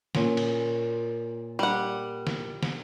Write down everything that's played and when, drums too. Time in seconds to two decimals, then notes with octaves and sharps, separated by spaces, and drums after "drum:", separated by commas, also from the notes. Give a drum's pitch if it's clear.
0.15 A#2 C#4, drum: snare
0.37 drum: cymbal
1.59 G3 F#5
2.27 drum: snare
2.63 drum: snare